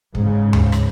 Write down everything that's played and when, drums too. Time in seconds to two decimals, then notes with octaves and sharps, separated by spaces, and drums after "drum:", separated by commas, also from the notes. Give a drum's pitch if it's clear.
0.15 G#2 C#3, drum: kick
0.53 drum: tom D2
0.72 drum: rim click